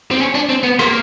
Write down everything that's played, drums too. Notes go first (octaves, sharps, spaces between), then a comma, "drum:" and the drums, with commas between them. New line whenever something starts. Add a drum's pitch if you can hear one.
C4
C#4
D4
C4
B3
A#3, drum: rim click